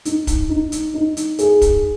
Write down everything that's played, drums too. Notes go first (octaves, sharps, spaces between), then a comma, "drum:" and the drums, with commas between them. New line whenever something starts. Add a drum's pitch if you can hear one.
D#4, drum: hi-hat
drum: kick, hi-hat
D#4
drum: hi-hat
D#4
drum: hi-hat
G#4, drum: hi-hat
drum: kick, hi-hat